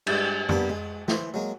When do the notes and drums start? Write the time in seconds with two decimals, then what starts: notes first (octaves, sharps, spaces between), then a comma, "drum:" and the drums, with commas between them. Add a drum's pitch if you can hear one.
0.07 G2 G#3, drum: cymbal
0.49 G2 G3 A#3 B3 A5 D6, drum: tom F2
0.69 G#3
1.08 E3 C5, drum: snare
1.34 F#3 G#3 A#3